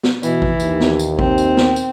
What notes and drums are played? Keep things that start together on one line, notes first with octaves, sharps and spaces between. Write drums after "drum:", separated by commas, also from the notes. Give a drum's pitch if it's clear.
drum: snare
B2 E3, drum: tambourine
drum: kick A1
D#2, drum: tambourine
drum: snare
drum: tambourine
C4, drum: kick A1
drum: tambourine
drum: snare
drum: tambourine